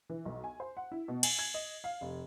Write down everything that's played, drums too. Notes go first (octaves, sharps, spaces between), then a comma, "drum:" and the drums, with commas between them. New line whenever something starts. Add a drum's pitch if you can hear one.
E3
B1
G#5
C5
F#5
E4
B2
G#5, drum: cymbal
G#6
D#5
F5
F1